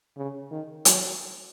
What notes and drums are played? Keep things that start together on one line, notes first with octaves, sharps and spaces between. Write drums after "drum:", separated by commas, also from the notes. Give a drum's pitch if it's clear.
C#3
D#3
F#3, drum: hi-hat